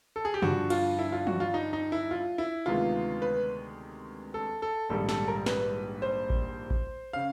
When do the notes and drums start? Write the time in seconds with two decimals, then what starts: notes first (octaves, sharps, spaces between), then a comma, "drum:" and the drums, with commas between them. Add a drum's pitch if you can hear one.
0.16 A4
0.25 G#4
0.34 G4
0.42 G2 D3 F3 F#4, drum: tom
0.70 F4, drum: cymbal
0.99 E4
1.12 F4
1.27 F#4, drum: tom
1.40 F4
1.54 D#4
1.73 D#4
1.92 E4
2.11 F4
2.38 E4
2.66 D2 C3 D#3 G#3 B3 F4
3.22 B4
4.34 A4
4.62 A4
4.89 A#1 G#2 D#3 G3 A#3 A4
5.09 A4, drum: snare
5.28 A#4
5.46 B4, drum: snare
6.02 C5
6.30 drum: kick A1
6.70 drum: kick A1
7.13 C#3 F5